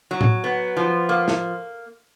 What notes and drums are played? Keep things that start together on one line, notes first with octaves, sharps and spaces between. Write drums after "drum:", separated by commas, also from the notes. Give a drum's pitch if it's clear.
F#3
drum: tom A2
B3
F3
A#3
drum: snare